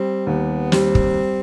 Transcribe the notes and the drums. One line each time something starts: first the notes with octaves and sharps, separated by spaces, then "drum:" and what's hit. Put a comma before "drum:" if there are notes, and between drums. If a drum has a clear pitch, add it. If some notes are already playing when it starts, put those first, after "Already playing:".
Already playing: G3 C4
D#2 B3
G3 C4, drum: snare
drum: kick